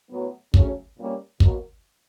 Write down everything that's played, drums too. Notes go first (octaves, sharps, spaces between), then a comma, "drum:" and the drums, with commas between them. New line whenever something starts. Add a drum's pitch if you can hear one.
A2 F#3 B3
C#3 F#3 A3 C#4, drum: kick
A#2 G3 A#3 C#4
B2 F#3 A#3, drum: kick